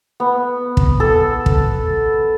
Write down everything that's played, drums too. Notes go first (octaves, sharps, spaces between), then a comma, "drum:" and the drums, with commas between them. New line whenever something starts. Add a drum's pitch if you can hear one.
B3
drum: kick
A4
drum: kick